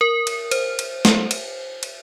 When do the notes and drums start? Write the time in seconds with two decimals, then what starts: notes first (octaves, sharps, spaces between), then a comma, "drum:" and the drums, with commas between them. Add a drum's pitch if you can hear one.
0.01 A#4
0.27 drum: cymbal
0.51 C5, drum: cymbal
0.79 drum: cymbal
1.05 drum: snare
1.31 drum: cymbal
1.83 drum: cymbal